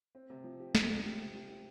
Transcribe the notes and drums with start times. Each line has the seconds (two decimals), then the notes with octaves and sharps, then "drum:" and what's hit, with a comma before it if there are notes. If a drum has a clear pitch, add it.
0.15 C4
0.30 C3
0.44 F3
0.60 G4
0.75 G4, drum: snare
0.90 C3
1.05 G4
1.19 C3
1.35 G4
1.50 G4